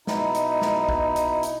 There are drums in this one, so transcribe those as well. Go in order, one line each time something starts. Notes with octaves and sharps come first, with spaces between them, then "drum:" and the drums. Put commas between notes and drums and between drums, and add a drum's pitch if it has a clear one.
B2 D#4 E4, drum: snare
drum: hi-hat
drum: snare
drum: kick B1
drum: hi-hat
drum: hi-hat